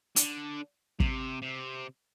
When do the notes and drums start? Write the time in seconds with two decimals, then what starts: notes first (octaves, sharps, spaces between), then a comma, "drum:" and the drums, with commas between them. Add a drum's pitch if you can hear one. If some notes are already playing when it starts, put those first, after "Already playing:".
0.16 D3, drum: hi-hat
1.00 C3, drum: kick
1.42 C3